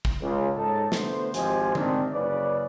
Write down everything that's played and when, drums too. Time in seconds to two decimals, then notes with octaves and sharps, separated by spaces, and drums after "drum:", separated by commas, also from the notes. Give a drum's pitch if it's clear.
0.05 drum: kick
0.21 C#2
0.57 G#2 D#4 A4 C#5 A5
0.92 D3 A3 B3 C5, drum: snare
1.34 G#1 F3 G4 C5 D#5 G#5, drum: hi-hat
1.75 G#2 C3 D#3 C4 D4, drum: tom D3
2.13 F#1 C#3 B4 D5